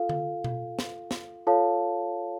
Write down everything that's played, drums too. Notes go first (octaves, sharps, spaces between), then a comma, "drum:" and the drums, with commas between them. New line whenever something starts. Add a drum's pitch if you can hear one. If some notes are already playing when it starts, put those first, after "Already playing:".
Already playing: F4 A4 F5
drum: tom D3
drum: tom B2
drum: snare
drum: snare
F4 A4 C#5 F5 A5